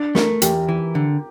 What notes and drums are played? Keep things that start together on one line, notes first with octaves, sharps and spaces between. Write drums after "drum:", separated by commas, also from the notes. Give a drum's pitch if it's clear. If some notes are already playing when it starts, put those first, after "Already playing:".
Already playing: D4
A3 A#4, drum: snare
E2 G4, drum: hi-hat
E3
D3